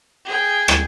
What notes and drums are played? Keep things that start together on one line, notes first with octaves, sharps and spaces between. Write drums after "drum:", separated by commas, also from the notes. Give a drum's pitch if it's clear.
G#4 G5
drum: rim click